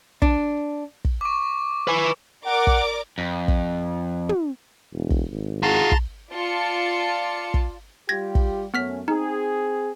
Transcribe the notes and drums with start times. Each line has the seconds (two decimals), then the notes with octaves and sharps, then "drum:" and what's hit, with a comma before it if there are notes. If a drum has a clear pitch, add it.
0.22 D4, drum: kick
1.05 drum: kick
1.21 C#6 D6
1.88 B4 G#5
2.46 A#4 D5 F#5 D6
2.67 drum: kick
3.18 F2
3.48 drum: kick
4.29 drum: tom
4.93 E1
5.10 drum: kick
5.31 G#1
5.63 F4 F#4 G#4 A5 A#5 C6
5.92 drum: kick
6.32 F4 D5 A5 C#7
7.54 drum: kick
8.09 G3 F4 G4 G#6 A#6
8.35 drum: kick
8.74 F#2 A3 B3 C#4 F6 B6
9.08 C4 D#4 G#4